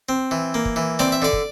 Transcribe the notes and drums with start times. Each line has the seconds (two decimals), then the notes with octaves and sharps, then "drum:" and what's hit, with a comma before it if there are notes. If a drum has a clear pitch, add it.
0.09 C4
0.31 E3
0.54 A#3
0.65 drum: kick
0.76 E3
0.99 C4 D5, drum: snare
1.12 E5
1.22 D3 D5
1.33 drum: kick